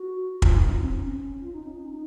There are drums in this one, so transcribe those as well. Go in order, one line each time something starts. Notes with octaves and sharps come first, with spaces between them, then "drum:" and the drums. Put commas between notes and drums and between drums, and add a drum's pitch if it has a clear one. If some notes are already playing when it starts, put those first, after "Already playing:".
Already playing: F#4
F4, drum: kick
D#4
C#4
C4
C#4
F4
D#4
C#4
D#4
D#4